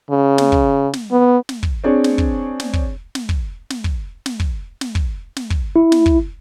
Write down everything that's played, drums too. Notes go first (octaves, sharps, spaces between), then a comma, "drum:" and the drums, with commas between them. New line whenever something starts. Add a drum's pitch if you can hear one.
C#3
drum: snare
drum: kick
drum: snare
B3
drum: snare
drum: kick
C4 D4 G#4 C#5
drum: snare
drum: kick
drum: snare
drum: kick
drum: snare
drum: kick
drum: snare
drum: kick
drum: snare
drum: kick
drum: snare
drum: kick
drum: snare
drum: kick
E4
drum: snare
drum: kick